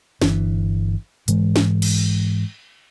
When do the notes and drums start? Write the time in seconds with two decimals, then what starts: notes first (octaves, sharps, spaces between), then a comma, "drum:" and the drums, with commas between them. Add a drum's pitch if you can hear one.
0.22 G1 E3 D4, drum: snare
1.28 G#2 E3 G#3, drum: hi-hat
1.56 drum: snare
1.82 drum: cymbal